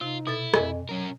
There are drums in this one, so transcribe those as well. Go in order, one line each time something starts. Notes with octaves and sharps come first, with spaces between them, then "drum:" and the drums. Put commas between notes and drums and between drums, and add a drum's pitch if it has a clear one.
C3 D#4 F4
B2 E4 A4 A6
F2 D#5 G#5, drum: rim click
F#3 C#4 A#4